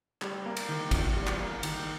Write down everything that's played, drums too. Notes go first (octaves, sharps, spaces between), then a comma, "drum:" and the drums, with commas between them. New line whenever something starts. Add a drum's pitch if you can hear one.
G3, drum: clap
A#3
drum: cymbal
D#3
E2, drum: kick, cymbal
G3
drum: clap
A#3
D#3, drum: cymbal